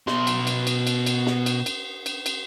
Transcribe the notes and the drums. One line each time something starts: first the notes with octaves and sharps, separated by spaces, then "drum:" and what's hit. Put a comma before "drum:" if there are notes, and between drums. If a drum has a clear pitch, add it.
B2 C6, drum: snare
drum: cymbal
drum: cymbal
drum: cymbal
drum: cymbal
drum: cymbal
drum: snare
drum: cymbal
drum: cymbal
drum: cymbal
drum: cymbal